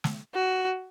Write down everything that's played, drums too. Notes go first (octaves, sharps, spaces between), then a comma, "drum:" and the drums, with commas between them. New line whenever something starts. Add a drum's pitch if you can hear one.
drum: snare
F#4